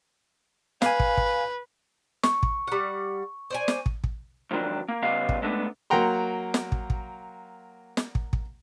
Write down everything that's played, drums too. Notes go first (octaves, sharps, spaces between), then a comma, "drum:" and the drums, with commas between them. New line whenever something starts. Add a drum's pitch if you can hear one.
B4 F5 G#5, drum: snare
drum: kick
drum: kick
C#6, drum: snare
drum: kick
G3 F#5
C5 D5 G#5
drum: snare
drum: kick
drum: kick
F2 G#2 D#3 F#3 D4
A#3
C#3 G3 B3 D#5 F5
drum: kick
G#3 A3 B3 D4
F#3 A#3 F#5 G5 A#5 C6
drum: snare
drum: kick
drum: kick
drum: snare
drum: kick
drum: kick